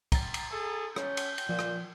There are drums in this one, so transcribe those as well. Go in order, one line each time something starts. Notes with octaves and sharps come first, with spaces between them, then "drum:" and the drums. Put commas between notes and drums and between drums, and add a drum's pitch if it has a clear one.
A#5 A6, drum: kick, cymbal
drum: cymbal
G#4 A4
C#4 G6, drum: rim click
drum: cymbal
drum: cymbal
A#2 F3
drum: rim click